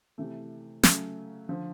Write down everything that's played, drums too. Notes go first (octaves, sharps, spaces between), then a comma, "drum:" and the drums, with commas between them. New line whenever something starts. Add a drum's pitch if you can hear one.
C3 E3 A3
C#3 F#3 A3 C#4, drum: snare
D3 F3